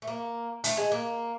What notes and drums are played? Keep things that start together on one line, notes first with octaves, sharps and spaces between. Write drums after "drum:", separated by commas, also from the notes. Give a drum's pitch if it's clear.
A3
A#3
A3, drum: hi-hat
G#3
A#3